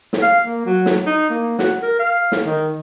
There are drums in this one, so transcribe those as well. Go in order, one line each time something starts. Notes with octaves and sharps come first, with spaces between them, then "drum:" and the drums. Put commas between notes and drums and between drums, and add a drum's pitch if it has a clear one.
drum: snare
F5
A#3
F#3
drum: snare
D#4
A#3
F#4, drum: snare
A#4
F5
drum: snare
D#3